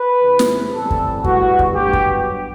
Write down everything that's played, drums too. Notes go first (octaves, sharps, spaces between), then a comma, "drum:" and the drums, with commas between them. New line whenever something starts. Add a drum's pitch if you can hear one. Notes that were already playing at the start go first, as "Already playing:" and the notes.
Already playing: B4
E2 C3 E3
drum: snare
A2 E3 G3 C4 A4
drum: kick
A2 G3 B3 F#4, drum: kick
drum: kick
G2 F#3 B3 G4
drum: kick